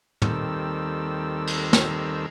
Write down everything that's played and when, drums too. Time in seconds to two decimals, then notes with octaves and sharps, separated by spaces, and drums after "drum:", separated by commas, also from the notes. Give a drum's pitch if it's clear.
0.22 D#2 D#3 G3 C4 A4 E6, drum: tom
1.47 drum: cymbal
1.73 drum: snare